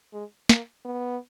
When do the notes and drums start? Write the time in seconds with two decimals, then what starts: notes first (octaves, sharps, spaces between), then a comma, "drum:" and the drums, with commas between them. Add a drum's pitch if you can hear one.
0.13 G#3
0.49 A#3, drum: snare
0.85 B3